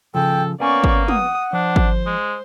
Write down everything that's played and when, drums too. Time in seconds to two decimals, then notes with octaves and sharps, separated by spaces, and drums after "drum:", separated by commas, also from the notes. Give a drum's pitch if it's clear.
0.15 C#3 F3 A4 G5
0.60 A#3 B3 C#4 D5 G#5 C#6
0.84 drum: kick
1.08 F#5 D#6, drum: tom
1.53 F3 D4 C5
1.76 drum: kick
2.06 G#3